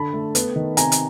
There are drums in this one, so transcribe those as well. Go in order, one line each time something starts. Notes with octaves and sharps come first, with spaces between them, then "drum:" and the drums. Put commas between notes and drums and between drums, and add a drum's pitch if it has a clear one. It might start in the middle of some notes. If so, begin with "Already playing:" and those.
Already playing: D3 A5 B5
A3
B3, drum: hi-hat
D#3
C3 G#5 A#5, drum: hi-hat
drum: hi-hat